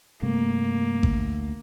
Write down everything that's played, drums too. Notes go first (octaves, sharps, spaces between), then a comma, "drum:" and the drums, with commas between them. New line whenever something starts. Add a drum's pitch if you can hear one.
G2 C3 A3 A#3
D2, drum: kick G#1